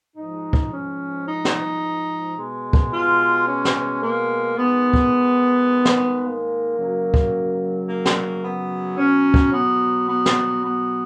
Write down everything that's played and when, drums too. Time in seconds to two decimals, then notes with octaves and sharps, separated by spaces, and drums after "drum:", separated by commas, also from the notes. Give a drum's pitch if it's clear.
0.16 G#2 F3 G#3 D#4
0.53 drum: kick
0.72 C#4
1.26 D#4
1.45 drum: snare
2.36 B2 G#3
2.73 drum: kick
2.92 F4
3.46 C#4
3.65 drum: snare
4.01 A#3
4.56 G#2 D#3 G#3 B3
4.94 drum: kick
5.85 drum: snare
6.22 A#3
6.77 F#2 C#3 F#3
7.14 drum: kick
7.87 A#3
8.05 drum: snare
8.43 B3
8.97 B2 F#3 C#4
9.34 drum: kick
9.53 B3
10.07 B3
10.26 drum: snare
10.62 B3